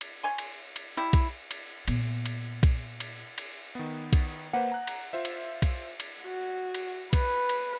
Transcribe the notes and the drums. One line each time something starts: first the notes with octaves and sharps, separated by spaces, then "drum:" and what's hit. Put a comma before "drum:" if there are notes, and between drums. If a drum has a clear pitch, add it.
drum: cymbal
C#5 G#5 C6
drum: cymbal
drum: cymbal
G3 E4
drum: kick B1, cymbal
drum: cymbal
A#2 B3, drum: cymbal
drum: cymbal
drum: kick B1, cymbal
drum: cymbal
drum: cymbal
D#3 B3
drum: kick B1, cymbal
A#3 B4 C5 F#5
A#5 F#6
drum: cymbal
F4 C5 E5
drum: cymbal
drum: kick B1, cymbal
drum: cymbal
F#4
drum: cymbal
B4, drum: kick B1, cymbal
drum: cymbal